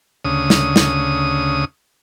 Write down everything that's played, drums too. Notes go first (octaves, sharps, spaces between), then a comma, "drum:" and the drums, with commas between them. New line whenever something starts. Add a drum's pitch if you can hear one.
D2 C#3 D#6
drum: snare
drum: snare